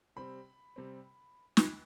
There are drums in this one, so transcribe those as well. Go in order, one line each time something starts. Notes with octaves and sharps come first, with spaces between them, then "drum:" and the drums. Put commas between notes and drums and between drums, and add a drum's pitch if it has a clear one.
C3 G3 C4 B5
C3 G3 C4
drum: snare